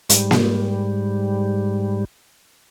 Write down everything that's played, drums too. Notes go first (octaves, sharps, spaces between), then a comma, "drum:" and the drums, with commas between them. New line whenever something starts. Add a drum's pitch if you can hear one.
G#2 G3, drum: hi-hat
drum: snare A#3